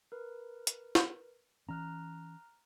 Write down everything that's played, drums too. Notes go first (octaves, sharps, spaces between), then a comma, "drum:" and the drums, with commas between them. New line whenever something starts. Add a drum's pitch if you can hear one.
A#4 B4
drum: hi-hat
drum: snare
E3 C#4 A#5 F6 F#6